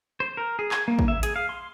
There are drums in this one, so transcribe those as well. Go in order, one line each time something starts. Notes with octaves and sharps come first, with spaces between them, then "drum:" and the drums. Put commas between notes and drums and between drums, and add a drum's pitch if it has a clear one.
C5
A#4
G#4
G#5, drum: clap
A#3
drum: kick
E5
G#4, drum: hi-hat
F5
C6